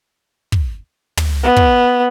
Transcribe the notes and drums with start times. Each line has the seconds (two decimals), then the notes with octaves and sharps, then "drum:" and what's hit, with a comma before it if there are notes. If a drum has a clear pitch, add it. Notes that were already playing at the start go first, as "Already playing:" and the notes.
0.52 drum: kick
1.17 drum: tom
1.43 B3
1.56 drum: kick